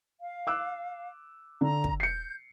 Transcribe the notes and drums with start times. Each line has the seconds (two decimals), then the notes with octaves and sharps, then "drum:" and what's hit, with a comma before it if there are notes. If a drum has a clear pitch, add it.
0.19 F5
0.47 D6 E6 F#6
1.61 D3 A#5
1.84 drum: kick
2.00 G6 C7 C#7